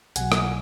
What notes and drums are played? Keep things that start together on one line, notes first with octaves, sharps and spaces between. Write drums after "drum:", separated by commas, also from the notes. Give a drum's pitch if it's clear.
B1 B2 F#3 F#5 G#5, drum: hi-hat
drum: rim click